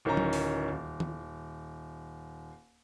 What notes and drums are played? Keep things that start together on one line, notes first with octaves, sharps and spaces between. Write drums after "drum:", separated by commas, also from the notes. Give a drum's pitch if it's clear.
D1 D#3 C#4 A#5
drum: tom F#3
drum: open hi-hat
D#1
drum: tom D#3